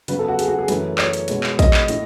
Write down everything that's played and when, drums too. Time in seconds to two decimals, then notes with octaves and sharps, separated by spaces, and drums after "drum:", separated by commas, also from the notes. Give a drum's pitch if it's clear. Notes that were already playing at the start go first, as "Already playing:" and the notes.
0.08 C#3 F#3 B3 B4, drum: hi-hat
0.19 A4
0.28 F#4
0.39 G#4, drum: hi-hat
0.48 F#4
0.59 G#4
0.68 F#2 E3 A3 C#4 B4, drum: hi-hat
0.98 C#5, drum: clap
1.13 drum: hi-hat
1.28 B2 G#3 B3, drum: hi-hat
1.43 drum: clap
1.59 D#5, drum: kick, hi-hat
1.74 drum: clap
1.88 A2, drum: hi-hat